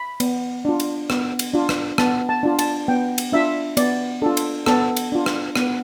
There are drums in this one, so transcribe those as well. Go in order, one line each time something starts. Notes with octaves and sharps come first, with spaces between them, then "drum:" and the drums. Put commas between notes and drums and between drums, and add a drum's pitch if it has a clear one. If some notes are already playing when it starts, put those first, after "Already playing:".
Already playing: B5
B3, drum: cymbal
D4 F4
drum: cymbal
B3, drum: rim click
drum: cymbal
D4 F4
drum: rim click
B3 A5, drum: rim click
A5
D4 F4
A5, drum: cymbal
B3 G5
drum: cymbal
D4 F4 E5
B3 D5, drum: cymbal
D4 F4 A4
drum: cymbal
B3 A4, drum: rim click
drum: cymbal
D4 F4
drum: rim click
B3, drum: rim click